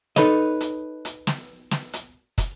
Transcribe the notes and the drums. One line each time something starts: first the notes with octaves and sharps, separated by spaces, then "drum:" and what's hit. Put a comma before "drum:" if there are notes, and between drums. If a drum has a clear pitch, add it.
D#4 A4 B4 C#5 D#5, drum: snare
drum: hi-hat
drum: hi-hat
drum: snare
drum: snare
drum: hi-hat
drum: kick, hi-hat